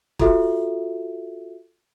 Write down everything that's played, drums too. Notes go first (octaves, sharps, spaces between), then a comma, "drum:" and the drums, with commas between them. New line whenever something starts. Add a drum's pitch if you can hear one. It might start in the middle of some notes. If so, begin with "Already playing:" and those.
F4 F#4 A4 E5, drum: kick